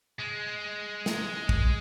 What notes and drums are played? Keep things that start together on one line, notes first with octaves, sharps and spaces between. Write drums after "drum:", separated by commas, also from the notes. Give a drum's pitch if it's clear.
G#3
drum: snare
drum: kick